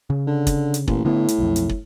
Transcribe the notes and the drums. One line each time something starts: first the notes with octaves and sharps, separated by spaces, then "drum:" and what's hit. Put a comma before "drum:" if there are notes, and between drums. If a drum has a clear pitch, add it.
C#3
D3
drum: kick, hi-hat
drum: hi-hat
A1 A#2, drum: kick
A2 D3 B3
drum: hi-hat
B1 F2
drum: hi-hat
drum: kick